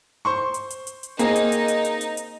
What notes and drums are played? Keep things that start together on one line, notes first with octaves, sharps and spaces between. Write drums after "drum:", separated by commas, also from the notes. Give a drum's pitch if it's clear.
C5 C6 C#6
drum: hi-hat
drum: hi-hat
drum: hi-hat
drum: hi-hat
A#3 C4 D#4 G#4, drum: hi-hat
drum: hi-hat
drum: hi-hat
drum: hi-hat
drum: hi-hat
drum: hi-hat
drum: hi-hat